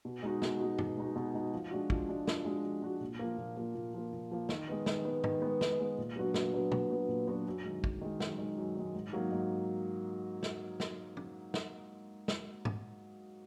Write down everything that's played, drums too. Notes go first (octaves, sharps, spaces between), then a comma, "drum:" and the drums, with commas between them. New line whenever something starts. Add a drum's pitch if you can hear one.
B2
G#3 D#4 F#4
B2, drum: snare
G#3 D#4 F#4
B2, drum: tom
G#3 D#4 F#4
B2
G#3 D#4 F#4
F3
G#3 D4 F#4
F3, drum: kick
G#3 D4 F#4
F3, drum: snare
G#3 D4 F#4
F3
G#3 D4 F#4
A#2
F3 A#3
A#2
F3 A#3
A#2
F3 A#3
A#2
F3 A#3
D#3, drum: snare
G#3 B3
D#3, drum: snare
G#3 B3
D#3, drum: tom
G#3 B3
D#3, drum: snare
G#3 B3
A#2
F#3 B3 D4 F#4
A#2, drum: snare
F#3 B3 D4 F#4
A#2, drum: tom
F#3 B3 D4 F#4
A#2
F#3 B3 D4 F#4
F#2
D#3 G#3
F#2, drum: kick
D#3 G#3
F#2, drum: snare
D#3 G#3
F#2
D#3 G#3
G#2
F#3 A#3 D#4
G#2
drum: snare
drum: snare
drum: tom
drum: snare
drum: snare
drum: tom